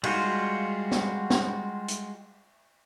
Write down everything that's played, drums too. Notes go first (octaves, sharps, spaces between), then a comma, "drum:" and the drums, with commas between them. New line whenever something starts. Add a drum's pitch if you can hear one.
G3 G#3 F4 F#4, drum: cymbal
drum: snare
drum: snare
drum: hi-hat